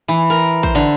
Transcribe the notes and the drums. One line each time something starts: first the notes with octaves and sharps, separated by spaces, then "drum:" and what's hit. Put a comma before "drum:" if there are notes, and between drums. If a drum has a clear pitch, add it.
E3
A#4
C5, drum: kick
D3